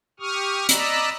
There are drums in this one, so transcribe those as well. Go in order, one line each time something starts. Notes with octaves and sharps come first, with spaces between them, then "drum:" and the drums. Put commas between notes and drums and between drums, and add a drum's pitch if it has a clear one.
G4 C#6 D#6 F6
D5 D#5 A#5 B5 E6 F#6, drum: hi-hat